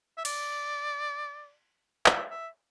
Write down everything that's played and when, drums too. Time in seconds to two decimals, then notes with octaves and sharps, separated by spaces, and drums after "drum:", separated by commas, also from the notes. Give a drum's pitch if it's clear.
0.17 E5
0.25 D5, drum: cymbal
2.06 E5, drum: clap
2.31 E5